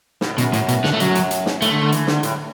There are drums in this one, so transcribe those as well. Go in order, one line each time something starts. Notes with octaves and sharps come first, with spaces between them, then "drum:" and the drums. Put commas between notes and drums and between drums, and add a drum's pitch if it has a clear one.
B2, drum: snare
A2
F#2 B2, drum: hi-hat
A2, drum: hi-hat
B2, drum: hi-hat
D3, drum: snare
A2 A3
F#2 F#3, drum: hi-hat
drum: hi-hat
drum: hi-hat
drum: snare
A2 A3, drum: hi-hat
D3
D3
E3, drum: hi-hat
D3, drum: snare
A2, drum: hi-hat